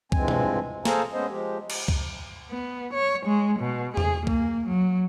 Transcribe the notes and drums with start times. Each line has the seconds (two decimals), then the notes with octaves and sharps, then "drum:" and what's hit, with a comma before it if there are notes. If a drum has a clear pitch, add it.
0.12 G2 E3 F3 G#3 C4 G#5, drum: kick C#2
0.28 drum: tom B2
0.85 G#4 A4 C5 F5 G#5 A#5, drum: snare
1.13 G#3 B3 C#4 C5 D#5
1.29 F3 G#3 G4
1.70 drum: cymbal
1.88 drum: kick C#2
2.50 B3
2.94 C#5
3.27 G#3
3.60 B2
3.97 G#4, drum: tom E2
4.27 A#3, drum: kick C#2
4.68 F#3